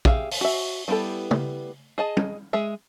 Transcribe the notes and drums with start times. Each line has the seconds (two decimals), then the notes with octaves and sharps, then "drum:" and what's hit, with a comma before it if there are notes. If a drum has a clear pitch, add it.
0.05 G4 G#4 E5 F5, drum: kick
0.31 drum: open hi-hat
0.41 F#4 E5
0.88 G3 B3 E4 G4 A4
1.31 drum: tom
1.98 G#4 D#5 A5
2.17 drum: tom
2.53 G#3 G#4 E5